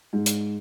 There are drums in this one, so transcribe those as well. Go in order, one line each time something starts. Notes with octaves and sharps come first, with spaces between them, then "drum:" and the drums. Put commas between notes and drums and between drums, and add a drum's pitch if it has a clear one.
G#2
drum: hi-hat